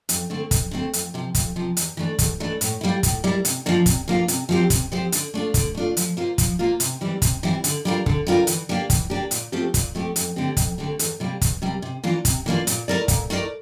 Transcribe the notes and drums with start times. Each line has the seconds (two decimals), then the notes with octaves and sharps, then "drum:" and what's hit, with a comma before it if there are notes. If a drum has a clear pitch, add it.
0.09 F2, drum: hi-hat
0.30 D3 A3 C4
0.51 F2, drum: kick, hi-hat
0.71 D3 A3 C4
0.93 F2, drum: hi-hat
1.14 C3 F3
1.35 F2, drum: kick, hi-hat
1.56 C3 F3
1.77 E2, drum: hi-hat
1.97 E3 A3 D4
2.19 E2, drum: kick, hi-hat
2.40 E3 A3 D4
2.61 A2, drum: hi-hat
2.81 G3 A#3 E4
3.03 A2, drum: kick, hi-hat
3.24 G3 A#3 E4
3.45 C3, drum: hi-hat
3.66 F3 A#3 D4 F4
3.86 C3, drum: kick, hi-hat
4.08 F3 A#3 D4 F4
4.28 C3, drum: hi-hat
4.49 F3 C4 G4 C5
4.70 C3, drum: kick, hi-hat
4.92 F3 C4 G4 C5
5.12 D3, drum: hi-hat
5.34 A3 D4 F4
5.54 D3, drum: kick, hi-hat
5.75 A3 D4 F4
5.97 F3, drum: hi-hat
6.17 A#3 F4 C5
6.38 F3, drum: kick, hi-hat
6.59 A#3 F4 C5
6.80 C3, drum: hi-hat
7.01 E3 G3 C4 E4
7.22 C3, drum: kick, hi-hat
7.43 E3 G3 C4 E4
7.64 D3, drum: hi-hat
7.85 G3 D4 F4 A#4
8.06 D3, drum: kick
8.27 G3 D4 F4 A#4
8.47 E3, drum: hi-hat
8.69 A#3 D4 G4
8.90 E3, drum: kick, hi-hat
9.10 A#3 D4 G4
9.31 A#2, drum: hi-hat
9.52 F3 A3 C4 G4
9.74 A#2, drum: kick, hi-hat
9.95 F3 A3 C4 G4
10.16 F2, drum: hi-hat
10.36 D3 A3 C4 G4
10.57 F2, drum: kick, hi-hat
10.78 D3 A3 C4 G4
10.99 E2, drum: hi-hat
11.20 C3 G3 A#3
11.41 E2, drum: kick, hi-hat
11.62 C3 G3 A#3
11.82 C3
12.04 E3 A#3 D4 F4
12.25 C3, drum: kick, hi-hat
12.46 E3 A#3 D4 F4
12.67 A#2, drum: hi-hat
12.88 A3 E4 A#4 D5
13.08 A#2, drum: kick, hi-hat
13.30 A3 E4 A#4 D5